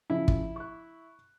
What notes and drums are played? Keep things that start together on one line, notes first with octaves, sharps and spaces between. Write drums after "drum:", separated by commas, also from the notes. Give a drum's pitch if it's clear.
C#3 F3 E4
drum: kick
C#6 F#6